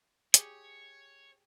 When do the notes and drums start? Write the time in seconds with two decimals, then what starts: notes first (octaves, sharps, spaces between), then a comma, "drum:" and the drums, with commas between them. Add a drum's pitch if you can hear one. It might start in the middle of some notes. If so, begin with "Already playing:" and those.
0.34 G4 G#4 C#5, drum: hi-hat